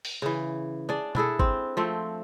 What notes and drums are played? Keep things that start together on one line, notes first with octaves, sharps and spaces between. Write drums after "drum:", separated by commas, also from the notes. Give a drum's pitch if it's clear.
drum: open hi-hat
C#3 E3
D4 G#4 D5
D4 E4 G#4 A4, drum: tom B2
C4, drum: kick G#1
F3 A3 C4